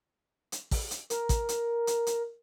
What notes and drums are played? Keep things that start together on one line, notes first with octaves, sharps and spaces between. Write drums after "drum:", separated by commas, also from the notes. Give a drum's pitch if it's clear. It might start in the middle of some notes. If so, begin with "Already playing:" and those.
drum: hi-hat
drum: kick, open hi-hat
drum: hi-hat
A#4, drum: hi-hat
drum: kick, hi-hat
drum: hi-hat
drum: hi-hat
drum: hi-hat